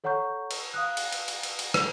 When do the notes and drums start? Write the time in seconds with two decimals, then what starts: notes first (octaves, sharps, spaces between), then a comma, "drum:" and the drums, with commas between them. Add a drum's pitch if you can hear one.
0.04 A4 C#5 F#5 A#5 C#6 G6
0.51 drum: cymbal
0.74 F5 D#6 F#6
0.97 drum: cymbal
1.12 drum: cymbal
1.28 drum: cymbal
1.43 drum: cymbal
1.59 drum: cymbal
1.74 F7, drum: rim click